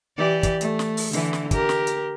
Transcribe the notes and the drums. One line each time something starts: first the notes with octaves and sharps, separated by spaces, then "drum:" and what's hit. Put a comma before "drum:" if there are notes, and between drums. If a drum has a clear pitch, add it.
E3 G4 D5
drum: kick, hi-hat
A3, drum: hi-hat
drum: snare
drum: open hi-hat
D3 E3 E4, drum: hi-hat
drum: snare
G4 A#4, drum: kick, hi-hat
drum: snare
drum: hi-hat